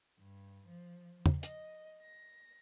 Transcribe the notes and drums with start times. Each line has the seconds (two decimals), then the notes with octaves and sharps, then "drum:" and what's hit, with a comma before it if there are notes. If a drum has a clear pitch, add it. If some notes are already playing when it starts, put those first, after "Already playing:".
0.18 G2
0.66 F3
1.26 drum: tom
1.43 D#5, drum: hi-hat
2.01 A#6